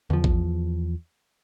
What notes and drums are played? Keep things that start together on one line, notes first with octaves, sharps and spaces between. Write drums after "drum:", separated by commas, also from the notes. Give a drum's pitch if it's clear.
E2 F3, drum: tom C#3
drum: kick A1